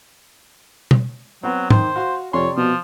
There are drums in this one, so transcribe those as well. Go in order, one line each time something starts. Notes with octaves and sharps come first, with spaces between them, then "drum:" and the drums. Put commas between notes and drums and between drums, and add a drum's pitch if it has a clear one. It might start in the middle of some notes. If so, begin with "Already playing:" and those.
drum: tom
F#3 B3 C4
D#3 C5, drum: tom
F#4 F5 C6
F2 C3 C#5 D5 C6
B2 F3